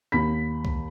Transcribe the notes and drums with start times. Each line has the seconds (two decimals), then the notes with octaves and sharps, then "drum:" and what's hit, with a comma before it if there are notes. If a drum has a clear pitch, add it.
0.12 D#2 B5 B6
0.65 drum: kick